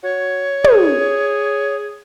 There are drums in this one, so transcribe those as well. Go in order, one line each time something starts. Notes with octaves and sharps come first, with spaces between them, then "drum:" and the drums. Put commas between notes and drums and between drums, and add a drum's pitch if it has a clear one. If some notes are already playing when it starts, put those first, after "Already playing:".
F#4 C#5
G#4, drum: tom